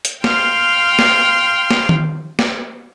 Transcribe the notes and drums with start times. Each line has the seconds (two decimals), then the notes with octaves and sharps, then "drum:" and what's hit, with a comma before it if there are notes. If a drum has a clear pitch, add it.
0.05 drum: hi-hat
0.24 F5 G5 C6 F6, drum: snare
0.99 drum: snare
1.71 drum: snare
1.89 drum: tom D#3
2.39 drum: snare